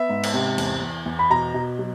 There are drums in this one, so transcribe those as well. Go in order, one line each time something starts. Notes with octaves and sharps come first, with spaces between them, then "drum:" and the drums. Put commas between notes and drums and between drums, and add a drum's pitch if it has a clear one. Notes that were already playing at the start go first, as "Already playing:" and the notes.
Already playing: B3 E5
G#2
drum: cymbal
C3
E2, drum: cymbal
E2
E2
B5
B2 A#5
B2
F#3